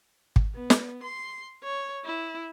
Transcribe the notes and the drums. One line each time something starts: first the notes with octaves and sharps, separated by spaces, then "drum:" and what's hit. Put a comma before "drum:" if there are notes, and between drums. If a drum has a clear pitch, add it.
drum: kick
B3
drum: snare
C6
C#5
E4